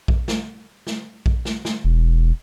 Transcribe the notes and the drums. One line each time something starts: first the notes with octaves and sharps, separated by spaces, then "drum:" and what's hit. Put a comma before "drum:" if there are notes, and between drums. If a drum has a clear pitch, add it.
drum: kick A#1
drum: snare
drum: snare
drum: kick A#1
drum: snare
drum: snare
E1